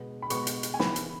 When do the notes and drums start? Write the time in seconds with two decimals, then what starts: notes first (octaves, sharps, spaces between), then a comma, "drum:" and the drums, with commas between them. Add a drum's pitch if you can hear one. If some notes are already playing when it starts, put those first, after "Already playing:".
Already playing: B2 G#3 B3
0.22 B5
0.30 B2 G#3 B3 C#6, drum: hi-hat
0.47 drum: hi-hat
0.63 drum: hi-hat
0.74 G#5
0.80 C#3 E3 B3 B5, drum: snare
0.96 drum: hi-hat